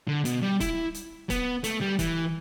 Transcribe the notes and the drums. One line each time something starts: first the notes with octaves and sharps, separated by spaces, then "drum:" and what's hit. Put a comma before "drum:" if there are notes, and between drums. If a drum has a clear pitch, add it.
D3
B2, drum: hi-hat
G3
E4, drum: kick, hi-hat
drum: hi-hat
B3, drum: kick, hi-hat
A3, drum: hi-hat
G3
E3, drum: kick, hi-hat